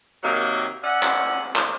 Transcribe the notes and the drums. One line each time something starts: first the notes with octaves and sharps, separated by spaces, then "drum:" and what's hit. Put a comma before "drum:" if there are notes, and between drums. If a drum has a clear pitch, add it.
C3 D#3 F#3 A#3
C#4 D5 E5 F#5
drum: clap
drum: clap